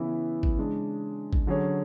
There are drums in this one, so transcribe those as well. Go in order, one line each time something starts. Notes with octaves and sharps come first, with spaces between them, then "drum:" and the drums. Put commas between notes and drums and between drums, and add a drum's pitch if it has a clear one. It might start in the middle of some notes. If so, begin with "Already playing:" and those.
Already playing: C#3 E3 B3 E4
drum: kick
C#3 G#3 D4 G#4
drum: kick
D3 F#3 C#4 G#4 C#5